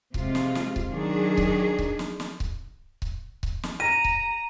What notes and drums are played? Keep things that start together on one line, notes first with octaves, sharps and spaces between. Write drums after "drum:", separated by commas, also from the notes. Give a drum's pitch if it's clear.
C3 G#3 F4, drum: kick C#1
drum: snare
drum: snare
drum: kick C#1
D#3 F#3 D4 G#4
drum: kick C#1
drum: kick C#1
drum: snare
drum: snare
drum: kick C#1
drum: kick C#1
drum: kick C#1
drum: snare
A#5 A#6 D#7
drum: kick C#1